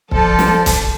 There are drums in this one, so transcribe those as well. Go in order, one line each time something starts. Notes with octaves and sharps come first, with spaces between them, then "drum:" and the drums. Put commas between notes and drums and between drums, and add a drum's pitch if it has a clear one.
F3 A4 D5, drum: kick
drum: snare
drum: kick, hi-hat